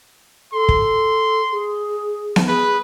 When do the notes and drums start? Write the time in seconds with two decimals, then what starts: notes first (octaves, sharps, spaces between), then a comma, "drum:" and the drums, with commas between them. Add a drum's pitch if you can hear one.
0.53 A4 C6
0.69 drum: kick
1.52 G#4
2.36 drum: snare B3
2.48 G#4 B4